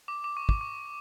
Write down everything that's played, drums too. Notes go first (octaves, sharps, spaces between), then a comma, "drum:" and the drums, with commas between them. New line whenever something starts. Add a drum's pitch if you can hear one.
D6
D6
C#6
D6, drum: kick
C#6